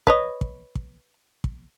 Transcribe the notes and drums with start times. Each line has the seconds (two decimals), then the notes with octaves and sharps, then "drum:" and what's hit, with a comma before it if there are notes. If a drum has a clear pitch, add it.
0.07 B4 C#5 D#5, drum: kick
0.41 drum: kick
0.75 drum: kick
1.44 drum: kick